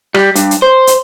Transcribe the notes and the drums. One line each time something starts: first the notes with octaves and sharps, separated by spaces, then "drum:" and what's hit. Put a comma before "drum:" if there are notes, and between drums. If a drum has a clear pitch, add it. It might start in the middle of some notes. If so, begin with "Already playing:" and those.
G3, drum: rim click
G2, drum: hi-hat
drum: hi-hat
C5
drum: hi-hat